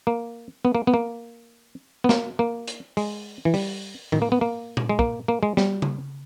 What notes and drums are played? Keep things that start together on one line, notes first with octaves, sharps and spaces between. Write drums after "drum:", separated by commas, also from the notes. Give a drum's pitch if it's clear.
A#3
B3
A#3
B3
A#3
B3
A#3, drum: snare
A#3
drum: hi-hat
G#3, drum: open hi-hat
E3
G3, drum: open hi-hat
D#3, drum: tom A2
A#3
B3
A#3
drum: tom A#2
G#3
A#3, drum: kick
A#3
G#3
G3, drum: snare
drum: tom C#3